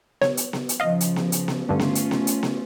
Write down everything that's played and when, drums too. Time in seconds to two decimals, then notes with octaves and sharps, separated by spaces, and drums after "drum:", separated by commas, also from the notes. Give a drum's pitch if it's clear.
0.22 C#5, drum: snare B3
0.37 drum: hi-hat
0.53 drum: snare B3
0.69 drum: hi-hat
0.80 C#3 F3 D#5 F5
1.00 drum: hi-hat
1.16 drum: snare B3
1.32 drum: hi-hat
1.48 drum: snare B3
1.69 G2 D3 A3 C#4 F4
1.79 drum: snare B3
1.95 drum: hi-hat
2.11 drum: snare B3
2.27 drum: hi-hat
2.43 drum: snare B3